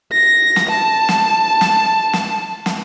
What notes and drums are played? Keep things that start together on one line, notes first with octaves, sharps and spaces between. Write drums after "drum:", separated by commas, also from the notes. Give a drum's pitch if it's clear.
A#6
drum: snare
A5
drum: snare
drum: snare
drum: snare
drum: snare